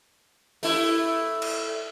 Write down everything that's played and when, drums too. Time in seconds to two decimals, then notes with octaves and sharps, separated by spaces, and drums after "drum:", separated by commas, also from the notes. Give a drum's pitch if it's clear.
0.63 A3 E4, drum: open hi-hat
1.42 drum: cymbal